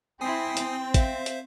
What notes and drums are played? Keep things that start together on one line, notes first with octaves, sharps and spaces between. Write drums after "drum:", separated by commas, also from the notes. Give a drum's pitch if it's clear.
C4 E4 G5 G#5 D#6 C7
C4, drum: hi-hat
C5 E5 F5, drum: kick, hi-hat
drum: hi-hat